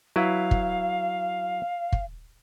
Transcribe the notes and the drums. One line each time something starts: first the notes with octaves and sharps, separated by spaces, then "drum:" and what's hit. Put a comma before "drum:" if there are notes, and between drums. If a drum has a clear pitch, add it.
F#3 E4 B4 F5
drum: kick
drum: kick